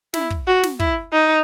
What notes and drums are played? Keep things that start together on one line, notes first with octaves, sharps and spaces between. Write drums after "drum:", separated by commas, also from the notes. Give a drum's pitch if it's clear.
E4, drum: snare
drum: kick
F#4
drum: snare
E4, drum: kick
D#4